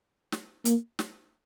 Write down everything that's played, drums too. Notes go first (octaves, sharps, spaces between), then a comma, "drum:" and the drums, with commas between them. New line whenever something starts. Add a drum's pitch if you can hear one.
drum: snare
A#3, drum: hi-hat
drum: snare